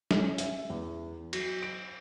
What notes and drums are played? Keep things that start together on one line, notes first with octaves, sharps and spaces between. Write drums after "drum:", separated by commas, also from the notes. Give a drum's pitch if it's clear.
drum: snare
C#4
E5, drum: hi-hat
E2
F#3, drum: cymbal
D7